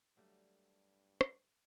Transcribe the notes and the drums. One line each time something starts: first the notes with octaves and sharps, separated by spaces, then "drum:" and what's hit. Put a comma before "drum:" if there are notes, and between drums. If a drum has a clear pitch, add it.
G2 D3 F#3 G3 A3 A#3
drum: rim click